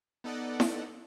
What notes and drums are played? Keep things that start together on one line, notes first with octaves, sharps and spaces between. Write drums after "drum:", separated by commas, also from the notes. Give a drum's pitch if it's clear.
B3 D#4 A4 D5 D#5 F#5
drum: snare E4